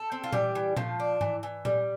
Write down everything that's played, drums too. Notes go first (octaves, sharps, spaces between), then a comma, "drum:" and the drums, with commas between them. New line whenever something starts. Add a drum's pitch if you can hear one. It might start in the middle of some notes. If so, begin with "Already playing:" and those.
Already playing: A4
C4
F4
E3 G3 G4, drum: tom A#2
E3
F3 A3 F4, drum: tom A#2
D4
E3, drum: tom G#2
E3
G3, drum: tom A#2